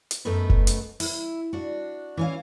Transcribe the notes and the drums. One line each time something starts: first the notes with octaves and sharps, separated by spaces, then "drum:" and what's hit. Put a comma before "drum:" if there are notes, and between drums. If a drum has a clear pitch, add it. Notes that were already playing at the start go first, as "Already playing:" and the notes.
drum: hi-hat
F#2 A3 B3 D#4 B4
drum: kick F1
drum: hi-hat
E4, drum: open hi-hat
D4 F#4
E3 C#4 F5